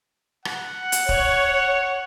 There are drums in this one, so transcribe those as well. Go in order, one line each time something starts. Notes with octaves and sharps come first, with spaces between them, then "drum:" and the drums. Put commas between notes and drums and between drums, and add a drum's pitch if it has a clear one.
F#5, drum: rim click
drum: hi-hat
C#5, drum: kick